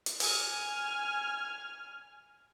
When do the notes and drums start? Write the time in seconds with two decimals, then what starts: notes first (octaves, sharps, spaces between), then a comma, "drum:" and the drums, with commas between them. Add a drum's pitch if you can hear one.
0.06 drum: hi-hat
0.20 G#5 F6, drum: open hi-hat